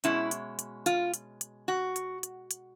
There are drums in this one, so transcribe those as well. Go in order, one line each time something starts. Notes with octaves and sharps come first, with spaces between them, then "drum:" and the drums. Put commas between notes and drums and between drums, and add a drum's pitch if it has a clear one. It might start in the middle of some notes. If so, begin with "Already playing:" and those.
B2 G#3 C#4 E4, drum: hi-hat
drum: hi-hat
drum: hi-hat
F4, drum: hi-hat
drum: hi-hat
drum: hi-hat
F#4
drum: hi-hat
drum: hi-hat
drum: hi-hat